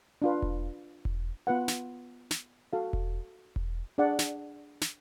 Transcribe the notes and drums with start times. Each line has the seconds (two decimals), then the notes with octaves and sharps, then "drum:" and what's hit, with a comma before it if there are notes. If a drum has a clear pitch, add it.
0.22 D4 F4 B4
0.42 drum: kick E1
1.05 drum: kick E1
1.47 B3 F4 B4 F#5
1.68 drum: snare
2.31 drum: snare
2.73 F#4 A4 F5
2.93 drum: kick E1
3.56 drum: kick E1
3.98 D4 G#4 D5 F#5
4.19 drum: snare
4.81 drum: snare